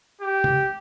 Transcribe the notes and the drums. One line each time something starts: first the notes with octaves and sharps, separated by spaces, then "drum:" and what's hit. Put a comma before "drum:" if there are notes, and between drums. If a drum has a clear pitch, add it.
G4
drum: tom